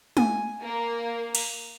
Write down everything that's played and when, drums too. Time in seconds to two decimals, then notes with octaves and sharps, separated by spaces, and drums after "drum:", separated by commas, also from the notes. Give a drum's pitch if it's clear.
0.17 G#5, drum: tom
0.64 A#3
1.35 drum: cymbal